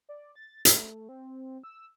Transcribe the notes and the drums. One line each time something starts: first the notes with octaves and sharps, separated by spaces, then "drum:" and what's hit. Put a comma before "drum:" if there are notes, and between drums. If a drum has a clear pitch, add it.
D5
A6
A3, drum: hi-hat
C4
E6